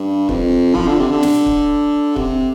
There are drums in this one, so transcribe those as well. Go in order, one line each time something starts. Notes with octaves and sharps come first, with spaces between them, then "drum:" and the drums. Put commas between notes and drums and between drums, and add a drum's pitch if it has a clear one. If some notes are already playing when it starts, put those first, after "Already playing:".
Already playing: G2
F2, drum: kick
F3, drum: kick
D3
C3
D3
drum: snare
drum: kick
C3, drum: kick